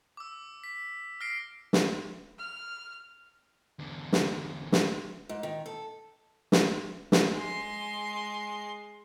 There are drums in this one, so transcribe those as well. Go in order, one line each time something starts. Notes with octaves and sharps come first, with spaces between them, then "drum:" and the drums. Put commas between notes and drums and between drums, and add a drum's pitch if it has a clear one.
D6 E6
B6
F6 A#6 C7 D7
drum: snare
F6
E2 D3
drum: snare
drum: snare
G#2
D#3
A4
drum: snare
drum: snare
G#3 C6